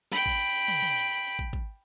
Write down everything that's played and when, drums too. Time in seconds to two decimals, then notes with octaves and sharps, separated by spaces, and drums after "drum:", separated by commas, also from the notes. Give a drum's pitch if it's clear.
0.12 G5 B5, drum: snare
0.26 drum: kick
0.68 drum: tom
0.82 drum: tom
1.39 drum: kick
1.53 drum: kick